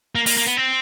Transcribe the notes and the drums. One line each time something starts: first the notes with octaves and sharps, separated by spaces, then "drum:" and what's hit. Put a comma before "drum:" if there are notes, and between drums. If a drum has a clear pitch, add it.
A#3
A#3, drum: open hi-hat
A#3
B3
C4